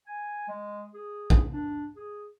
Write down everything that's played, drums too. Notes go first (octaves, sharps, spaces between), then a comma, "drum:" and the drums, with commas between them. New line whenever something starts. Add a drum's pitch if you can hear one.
G#5
G#3
G#4
drum: kick
D4
G#4